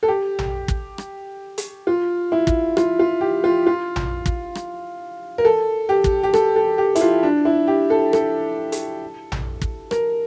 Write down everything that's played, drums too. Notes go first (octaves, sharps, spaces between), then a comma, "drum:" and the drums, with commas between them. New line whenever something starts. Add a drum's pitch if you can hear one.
A4
G4
drum: tom A#1
drum: kick
drum: rim click
drum: hi-hat
F4
E4
drum: kick
F4, drum: rim click
F4
G4
F4
F4
drum: tom A#1
drum: kick
drum: rim click
A#4
A4
G4
drum: kick
G4
A4, drum: rim click
A4
G4
E4, drum: hi-hat
F4
D4
E4
G4
A4
A4, drum: rim click
drum: hi-hat
drum: tom A#1
drum: kick
A#4, drum: rim click